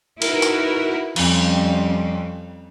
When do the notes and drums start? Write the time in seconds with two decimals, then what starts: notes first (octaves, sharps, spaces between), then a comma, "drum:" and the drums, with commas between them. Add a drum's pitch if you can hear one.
0.22 D#4 E4 F#4 A#4 B4, drum: cymbal
0.42 drum: hi-hat
1.16 F2 G3 C#4, drum: cymbal